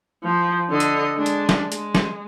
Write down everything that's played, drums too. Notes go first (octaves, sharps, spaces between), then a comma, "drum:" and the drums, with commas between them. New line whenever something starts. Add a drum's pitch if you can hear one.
F3
D3 D#5
drum: hi-hat
G#3 D4
drum: hi-hat
drum: snare
G#3, drum: hi-hat
drum: snare